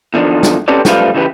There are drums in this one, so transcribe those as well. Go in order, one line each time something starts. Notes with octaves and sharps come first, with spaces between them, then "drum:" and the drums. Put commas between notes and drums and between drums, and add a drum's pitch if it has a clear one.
E2 D3 D#3 F3 D4
drum: snare
C4 C#4 G4 A4 B4 D5
F#2 F3 G3 A3 B4 F5, drum: snare
C#3 E3 G4 B4